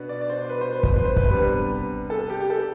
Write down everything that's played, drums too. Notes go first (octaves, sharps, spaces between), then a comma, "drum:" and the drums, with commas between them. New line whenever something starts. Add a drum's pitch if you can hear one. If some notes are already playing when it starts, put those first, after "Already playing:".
Already playing: B2 B3 D4
D5
D5
C5
B4
C5
B4
C5, drum: kick
B4
C5
B4, drum: kick
C3 G3 B3 D4 B4
A4
G4
G4
A4